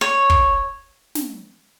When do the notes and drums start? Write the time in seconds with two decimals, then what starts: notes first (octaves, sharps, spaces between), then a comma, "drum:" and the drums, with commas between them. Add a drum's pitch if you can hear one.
0.01 C#5
0.30 drum: kick
1.15 drum: snare